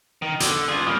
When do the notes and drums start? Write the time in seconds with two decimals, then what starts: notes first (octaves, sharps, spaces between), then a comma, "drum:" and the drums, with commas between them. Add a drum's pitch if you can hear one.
0.22 D#3
0.40 D3, drum: hi-hat
0.68 F4 G#4
0.86 G3 A#3